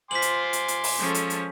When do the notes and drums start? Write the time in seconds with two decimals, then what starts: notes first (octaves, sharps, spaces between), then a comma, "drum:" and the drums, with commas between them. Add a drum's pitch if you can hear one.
0.11 F4 C5 G#5 C6 D6 B6 F#7
0.22 drum: hi-hat
0.53 drum: hi-hat
0.68 drum: hi-hat
0.84 drum: open hi-hat
0.99 F3 G#3 C#4 A4
1.14 drum: hi-hat
1.30 drum: hi-hat